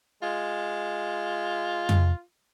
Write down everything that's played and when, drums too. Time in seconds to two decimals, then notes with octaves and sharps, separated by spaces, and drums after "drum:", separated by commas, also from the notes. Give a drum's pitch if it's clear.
0.22 G#3 F4
1.89 drum: tom F2